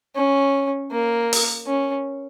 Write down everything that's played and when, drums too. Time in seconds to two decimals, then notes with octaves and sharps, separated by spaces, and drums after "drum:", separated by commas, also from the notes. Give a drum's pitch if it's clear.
0.16 C#4
0.91 A#3
1.33 drum: open hi-hat
1.67 C#4